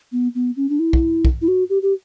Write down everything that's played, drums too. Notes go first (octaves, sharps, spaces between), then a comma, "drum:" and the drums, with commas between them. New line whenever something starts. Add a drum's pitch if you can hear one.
B3
B3
C#4
D4
E4
drum: kick
drum: kick
E4
F#4
G4
G4